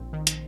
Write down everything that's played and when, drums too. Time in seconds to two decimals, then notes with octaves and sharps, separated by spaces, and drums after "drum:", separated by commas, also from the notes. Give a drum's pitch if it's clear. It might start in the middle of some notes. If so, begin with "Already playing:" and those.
Already playing: A#1 C4
0.13 D#3
0.27 drum: hi-hat